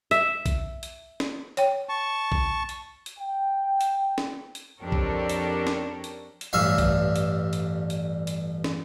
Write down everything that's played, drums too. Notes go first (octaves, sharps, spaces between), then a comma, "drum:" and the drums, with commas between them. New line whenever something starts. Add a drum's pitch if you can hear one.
E5, drum: hi-hat
drum: kick B1, hi-hat
drum: hi-hat
drum: snare
C#5 G5, drum: hi-hat
A5 C#6
drum: kick B1
drum: hi-hat
drum: hi-hat
G5
drum: hi-hat
drum: snare
drum: hi-hat
F2 D4 G4 A4 A#4 C#5
drum: kick B1
drum: hi-hat
drum: snare
drum: hi-hat
drum: hi-hat
A1 G2 E5 F5
drum: kick B1, hi-hat
drum: hi-hat
drum: hi-hat
drum: hi-hat
drum: hi-hat
drum: snare